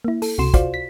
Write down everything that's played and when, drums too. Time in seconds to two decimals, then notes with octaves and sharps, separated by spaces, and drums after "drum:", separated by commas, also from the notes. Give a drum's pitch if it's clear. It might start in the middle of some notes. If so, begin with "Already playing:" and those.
0.05 A#3 E4
0.22 A4, drum: open hi-hat
0.38 C#2 C3 F#4 C6 E7
0.54 F4 F#4 C5 D5 F5, drum: kick, hi-hat
0.74 B6